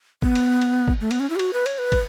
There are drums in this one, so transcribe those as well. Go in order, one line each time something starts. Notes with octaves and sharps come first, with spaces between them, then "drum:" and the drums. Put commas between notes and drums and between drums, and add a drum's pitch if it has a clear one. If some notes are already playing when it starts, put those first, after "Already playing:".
B3, drum: kick
drum: cymbal
drum: cymbal
drum: kick
A3
B3, drum: cymbal
C#4
E4
G4
F#4, drum: cymbal
B4
C#5, drum: cymbal
B4
drum: kick, cymbal